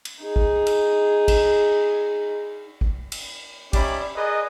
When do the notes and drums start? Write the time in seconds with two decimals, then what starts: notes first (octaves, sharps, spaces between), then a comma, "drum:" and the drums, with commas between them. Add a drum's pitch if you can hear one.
0.05 drum: cymbal
0.22 D#4 G#4
0.36 drum: kick
0.67 drum: cymbal
1.28 drum: kick, cymbal
2.81 drum: kick
3.12 drum: cymbal
3.73 C#4 D#4 G4 D5 E5 B5, drum: kick, cymbal
4.16 G#4 A#4 B4 D5 D#5